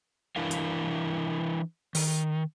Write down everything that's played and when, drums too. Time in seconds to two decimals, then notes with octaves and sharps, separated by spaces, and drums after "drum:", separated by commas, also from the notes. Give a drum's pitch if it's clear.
0.36 E3 D4 E4 A#4 F5
0.51 drum: hi-hat
1.95 D#3, drum: open hi-hat